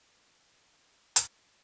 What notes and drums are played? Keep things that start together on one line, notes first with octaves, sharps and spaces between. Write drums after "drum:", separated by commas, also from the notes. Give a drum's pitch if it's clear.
D3 F#4 B4
drum: hi-hat